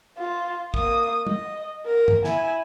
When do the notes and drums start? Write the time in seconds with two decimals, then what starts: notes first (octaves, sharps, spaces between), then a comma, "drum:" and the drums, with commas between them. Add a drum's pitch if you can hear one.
0.18 F4
0.74 A#3 D#6, drum: kick
1.27 D#5, drum: tom
1.86 A#4
2.08 drum: tom
2.24 E4 G#5, drum: snare